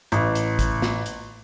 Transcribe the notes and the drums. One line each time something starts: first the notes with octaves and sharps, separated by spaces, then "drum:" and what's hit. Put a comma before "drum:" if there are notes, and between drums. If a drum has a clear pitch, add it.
A1, drum: hi-hat
drum: hi-hat
drum: kick, hi-hat
drum: snare
drum: hi-hat